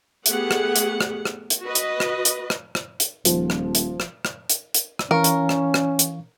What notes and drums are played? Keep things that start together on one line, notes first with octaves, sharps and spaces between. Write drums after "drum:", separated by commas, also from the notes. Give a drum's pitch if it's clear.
A3 B3 G4 G#4 F#5, drum: hi-hat
drum: rim click
drum: hi-hat
drum: rim click
drum: rim click
drum: hi-hat
F#4 B4 D#5
drum: hi-hat
drum: rim click
drum: hi-hat
drum: rim click
drum: rim click
drum: hi-hat
D#1 F3, drum: hi-hat
drum: rim click
drum: hi-hat
drum: rim click
drum: rim click
drum: hi-hat
drum: hi-hat
drum: rim click
E3 C#4 A#4 F5 C#6
drum: hi-hat
drum: rim click
drum: rim click
drum: hi-hat